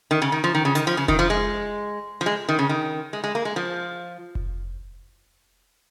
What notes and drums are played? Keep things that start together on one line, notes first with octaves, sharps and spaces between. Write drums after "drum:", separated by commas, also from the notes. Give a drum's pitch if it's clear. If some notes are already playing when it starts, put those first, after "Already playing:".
D#3
C#3
D#3
F3
D#3
C#3
D#3, drum: hi-hat
F3
C#3
D#3, drum: kick F1
F3
G#3
F3
G#3
D#3
C#3
D#3
G#3
G#3
A#3
G#3
F3
drum: kick F1